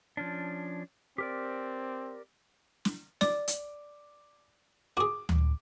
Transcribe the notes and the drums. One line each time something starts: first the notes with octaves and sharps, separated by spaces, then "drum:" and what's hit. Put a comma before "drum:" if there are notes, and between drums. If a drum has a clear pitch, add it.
F3 C#4 D4
C4 G4 A#4 D5
drum: snare
D5 D6, drum: snare
drum: hi-hat
F#4 G#4 D6
drum: tom D2